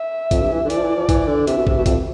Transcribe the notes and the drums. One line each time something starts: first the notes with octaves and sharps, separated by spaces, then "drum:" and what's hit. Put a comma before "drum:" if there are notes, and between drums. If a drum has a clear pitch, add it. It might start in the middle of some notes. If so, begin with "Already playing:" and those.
Already playing: E5
F2, drum: kick, hi-hat
G2
E3
D3
E3 D5, drum: hi-hat
F3
E3
F3
E3, drum: kick, hi-hat
D3
C3 E5, drum: hi-hat
B2
C3, drum: kick
B2
F2, drum: kick, hi-hat